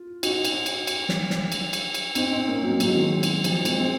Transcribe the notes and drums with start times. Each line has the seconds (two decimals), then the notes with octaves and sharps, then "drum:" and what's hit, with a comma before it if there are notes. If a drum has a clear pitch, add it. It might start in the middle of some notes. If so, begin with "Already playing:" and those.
Already playing: F4
0.23 D#4 F#4, drum: cymbal
0.45 drum: cymbal
0.66 drum: cymbal
0.87 drum: cymbal
1.09 drum: snare
1.30 drum: snare
1.52 drum: cymbal
1.73 drum: cymbal
1.95 drum: cymbal
2.15 C4 D#4, drum: cymbal
2.32 C4 D#4
2.48 A#3 C#4
2.64 F#3 A#3
2.80 F#3, drum: cymbal
2.88 G#3
2.95 D#3 F#3
3.23 drum: cymbal
3.44 F3, drum: cymbal
3.65 G#3 C4, drum: cymbal
3.80 C4